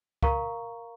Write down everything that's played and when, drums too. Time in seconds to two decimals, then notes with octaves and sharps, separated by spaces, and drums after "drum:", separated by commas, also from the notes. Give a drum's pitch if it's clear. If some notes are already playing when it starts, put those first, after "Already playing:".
0.23 A#4 F5 A#5 C#6, drum: kick C#2